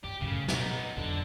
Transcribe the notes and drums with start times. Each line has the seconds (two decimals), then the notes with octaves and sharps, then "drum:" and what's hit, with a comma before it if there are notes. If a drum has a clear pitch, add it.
0.04 G#2 G4
0.21 F#2 A2 C#3
0.48 B2 G3 B3 D#4, drum: snare
0.97 F2 D3 F#3 A4